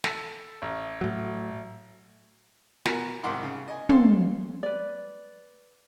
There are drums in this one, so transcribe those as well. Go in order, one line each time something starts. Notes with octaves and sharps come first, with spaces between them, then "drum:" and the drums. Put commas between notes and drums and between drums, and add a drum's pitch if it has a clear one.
A4, drum: snare
A1
A2 F#3
B2 F#4 A#4 G#5, drum: snare
C2 G#2 D#3 F#5 C6 D6
C#3
D#5 G#5
A4 F5 C6, drum: tom
B4 D5